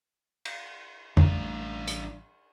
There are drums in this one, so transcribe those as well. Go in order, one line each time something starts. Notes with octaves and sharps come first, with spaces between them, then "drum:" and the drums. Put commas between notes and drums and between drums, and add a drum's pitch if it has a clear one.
drum: cymbal
A1 G3 A3 D4 F4, drum: tom F2
drum: hi-hat